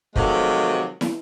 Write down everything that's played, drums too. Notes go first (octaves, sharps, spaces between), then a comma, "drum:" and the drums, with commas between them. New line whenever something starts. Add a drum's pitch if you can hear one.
C3 D#3 F3 F#3 G#3 A3, drum: kick
drum: snare